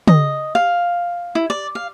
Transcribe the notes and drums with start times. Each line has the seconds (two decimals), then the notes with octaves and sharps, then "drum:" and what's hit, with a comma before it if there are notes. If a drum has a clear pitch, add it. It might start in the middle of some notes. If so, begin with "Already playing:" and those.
0.07 D#5, drum: tom
0.55 F5
1.35 E4
1.50 D5
1.75 F5